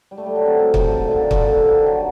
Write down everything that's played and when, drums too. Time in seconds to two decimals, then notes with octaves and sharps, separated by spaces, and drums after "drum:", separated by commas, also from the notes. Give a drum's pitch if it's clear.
0.11 G3
0.18 A3
0.26 G3
0.36 F#3
0.46 C3
0.59 C3
0.74 D#3, drum: kick
0.88 D3
1.02 A#2
1.11 D3
1.20 D#3
1.31 D3, drum: kick
1.45 A#2
1.59 C3
1.67 D3
1.81 D#3
1.87 F#3